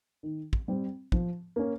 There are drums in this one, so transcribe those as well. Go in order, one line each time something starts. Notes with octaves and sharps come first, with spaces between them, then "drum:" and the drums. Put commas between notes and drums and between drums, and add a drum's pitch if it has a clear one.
D#3
drum: kick
G3 C4
F3, drum: kick
A#3 C#4